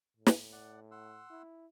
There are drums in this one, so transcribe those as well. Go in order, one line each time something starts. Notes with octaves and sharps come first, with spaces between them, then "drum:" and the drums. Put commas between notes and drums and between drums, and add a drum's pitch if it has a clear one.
A2
drum: snare
D5 F#5
F#5 C6 E6
E4